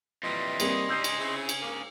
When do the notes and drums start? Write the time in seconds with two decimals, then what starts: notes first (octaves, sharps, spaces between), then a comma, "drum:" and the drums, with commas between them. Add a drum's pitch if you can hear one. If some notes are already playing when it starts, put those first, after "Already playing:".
0.23 F2 A#2 E3 G3 D#5 C6
0.60 G3 A#3 C4 C#4 G#4, drum: cymbal
0.89 G#2 G3 E6 G6 C7
1.04 drum: cymbal
1.19 C#3 C4 E4
1.49 drum: cymbal
1.61 G#2 A#3